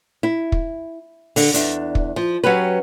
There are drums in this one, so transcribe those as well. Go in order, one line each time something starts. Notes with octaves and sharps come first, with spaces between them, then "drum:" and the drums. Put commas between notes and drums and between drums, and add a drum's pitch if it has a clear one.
E4
drum: kick
D3, drum: open hi-hat
E2 D4, drum: hi-hat
drum: kick
F3
F#3 C#4 F#4 G4 B4